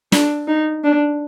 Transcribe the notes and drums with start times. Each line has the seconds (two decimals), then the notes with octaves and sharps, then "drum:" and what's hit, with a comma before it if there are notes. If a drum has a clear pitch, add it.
0.12 D4, drum: snare
0.48 D#4
0.84 D4